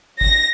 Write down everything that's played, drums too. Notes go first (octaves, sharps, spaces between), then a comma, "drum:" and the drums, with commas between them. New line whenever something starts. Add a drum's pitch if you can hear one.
A#6, drum: kick